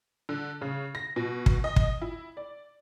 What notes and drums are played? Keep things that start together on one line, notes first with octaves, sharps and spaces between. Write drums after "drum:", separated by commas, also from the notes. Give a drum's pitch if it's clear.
D3
C#3
A#6
B2
drum: kick
D#5
drum: kick
E4
D5